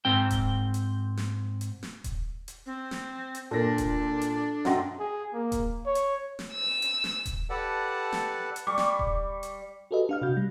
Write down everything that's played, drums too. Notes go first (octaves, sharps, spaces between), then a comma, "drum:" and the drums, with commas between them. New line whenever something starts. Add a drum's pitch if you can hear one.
G#2 C4 G5
drum: kick D#1, hi-hat
drum: hi-hat
drum: snare
drum: hi-hat
drum: snare
drum: kick D#1, hi-hat
drum: hi-hat
C4
drum: snare
drum: hi-hat
A#2 A#3 D4 A4 A#6
drum: kick D#1, hi-hat
drum: hi-hat
F#2 F#3 D#5 G5 C6 A#6, drum: snare
G#4
A#3
drum: kick D#1, hi-hat
C#5
drum: hi-hat
drum: snare
E6
drum: hi-hat
drum: snare
drum: kick D#1, hi-hat
G4 A4 B4 D5 F#5 A5
drum: snare
drum: hi-hat
G3 C#6 D6
drum: snare
drum: kick D#1
drum: hi-hat
F#4 G4 A4 B4 D#5
D4 F5 F6
C3 F#4 G6
G3